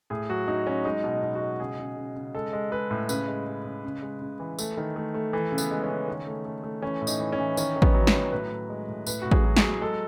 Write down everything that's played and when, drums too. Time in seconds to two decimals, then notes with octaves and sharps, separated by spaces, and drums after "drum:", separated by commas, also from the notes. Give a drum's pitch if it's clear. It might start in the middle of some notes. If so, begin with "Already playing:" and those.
0.10 A2 G#4
0.29 F#3 F#4
0.48 F#3 D#4
0.66 F#3 C#4
0.85 G#3 D#4
1.04 B2
1.23 B2
1.35 F#4
1.41 G#3
1.59 C#3 G#4
1.79 C#3
1.97 C#3
2.16 C#3
2.35 G#3 A4
2.53 G#3
2.71 G#3 B4
2.91 A2
3.09 C#3 B4, drum: tambourine
3.28 G#3
3.47 G#3
3.65 C#3
3.84 C#3
4.02 G#3
4.21 C#3
4.40 E3
4.59 A3, drum: tambourine
4.77 D#3
4.96 A3
5.14 A3
5.33 E3 A4
5.52 C#3
5.58 B3, drum: tambourine
5.71 G#3
5.83 C#4
5.90 C#3
6.08 D#3
6.27 A3
6.45 A3
6.64 A3
6.82 E3 C#4
7.02 A2
7.07 D#4, drum: tambourine
7.20 E3
7.32 C#4
7.39 E3
7.57 D#3 C#4, drum: tambourine
7.76 D#3
7.82 B3, drum: kick A1
7.94 F#3
8.07 C#4, drum: snare
8.13 F#3
8.32 A2 B4
8.50 A2
8.70 G#3
8.88 A2
9.06 A2 B4, drum: tambourine
9.22 A2 F#4
9.31 G#4, drum: kick A1
9.44 F#3
9.56 G#4, drum: snare
9.62 F#3
9.81 G#3 A4